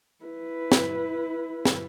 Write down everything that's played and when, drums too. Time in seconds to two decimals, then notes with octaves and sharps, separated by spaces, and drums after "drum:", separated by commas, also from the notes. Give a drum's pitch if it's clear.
0.25 E4 B4
0.72 drum: snare
1.65 drum: snare